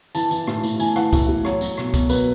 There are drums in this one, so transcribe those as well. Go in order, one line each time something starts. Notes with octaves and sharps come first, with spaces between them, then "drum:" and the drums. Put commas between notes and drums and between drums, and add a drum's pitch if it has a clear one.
E3 A5, drum: tambourine
E3, drum: tambourine
A2, drum: rim click
A2, drum: tambourine
E3 G#5, drum: tambourine
E3 F#5, drum: rim click
A2, drum: kick, tambourine
A2
F#3 C#5, drum: rim click
F#3, drum: tambourine
B2, drum: rim click
B2, drum: kick, tambourine
F#3 B4, drum: tambourine